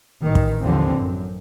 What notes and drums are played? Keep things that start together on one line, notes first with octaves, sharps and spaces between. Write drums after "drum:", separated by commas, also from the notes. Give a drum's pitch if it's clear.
A1 D#3
drum: kick
D#2 D3 E3 F3 C4
F#2